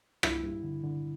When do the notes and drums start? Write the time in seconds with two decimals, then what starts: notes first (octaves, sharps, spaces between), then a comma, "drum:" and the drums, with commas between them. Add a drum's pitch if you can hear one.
0.23 G2 E4, drum: rim click
0.44 G2
0.63 D3
0.84 D3